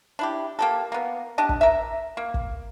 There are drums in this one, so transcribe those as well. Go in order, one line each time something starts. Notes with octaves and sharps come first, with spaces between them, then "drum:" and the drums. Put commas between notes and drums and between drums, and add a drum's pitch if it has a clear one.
D4 E4 G4
A#3 G4 A4
A#3 B3
D4 G4 D#5 A5
drum: kick
A#4 E5
A#3
drum: kick